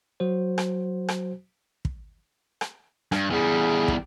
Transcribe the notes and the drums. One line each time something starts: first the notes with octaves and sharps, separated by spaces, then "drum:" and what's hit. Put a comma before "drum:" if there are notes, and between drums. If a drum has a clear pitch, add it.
F#3 F#4 C5
drum: rim click
drum: rim click
drum: kick
drum: rim click
G2, drum: rim click
E2 G3 G#4
drum: kick